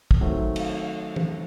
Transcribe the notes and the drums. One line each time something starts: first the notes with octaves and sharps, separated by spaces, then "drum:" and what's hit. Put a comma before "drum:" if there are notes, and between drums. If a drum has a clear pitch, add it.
drum: kick
D#3 F#3 A3 C4
drum: cymbal
drum: tom